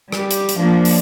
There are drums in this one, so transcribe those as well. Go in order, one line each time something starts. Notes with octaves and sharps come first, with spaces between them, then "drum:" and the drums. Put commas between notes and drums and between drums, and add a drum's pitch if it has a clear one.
G3 G4, drum: rim click
drum: hi-hat
drum: hi-hat
F3 A#3 D4
drum: open hi-hat